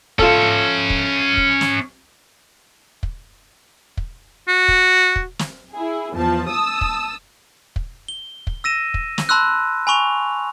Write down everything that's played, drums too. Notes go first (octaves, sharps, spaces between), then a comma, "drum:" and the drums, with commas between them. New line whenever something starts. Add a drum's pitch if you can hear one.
C#4 F4 A4 E5, drum: kick
drum: kick
drum: kick
drum: snare
drum: kick
drum: kick
F#4
drum: kick
drum: kick
drum: snare
E4 G#4
E2 F3 A5
A5 D#6 E6
drum: kick
drum: kick
G7
drum: kick
E6 A#6 D#7 E7
drum: kick
drum: snare
A5 B5 C6 E6 F#6
G#5 B5 C#6 F7